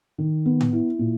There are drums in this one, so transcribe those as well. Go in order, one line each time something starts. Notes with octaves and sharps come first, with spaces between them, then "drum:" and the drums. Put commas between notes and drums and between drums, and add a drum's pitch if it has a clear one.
D#3
B3
drum: tom A2
E4
A#2